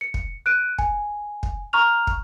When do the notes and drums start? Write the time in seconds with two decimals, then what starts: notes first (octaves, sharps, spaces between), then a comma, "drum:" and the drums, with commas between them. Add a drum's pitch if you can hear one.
0.01 C#7
0.14 drum: kick
0.46 F#6 D7 D#7
0.79 G#5, drum: kick
1.43 drum: kick
1.73 A#5 C#6 F6 F7
2.07 drum: kick